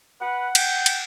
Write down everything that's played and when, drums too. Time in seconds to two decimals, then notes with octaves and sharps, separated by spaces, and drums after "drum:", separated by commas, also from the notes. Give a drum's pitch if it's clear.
0.21 B4 F#5
0.55 G5, drum: cymbal
0.86 drum: cymbal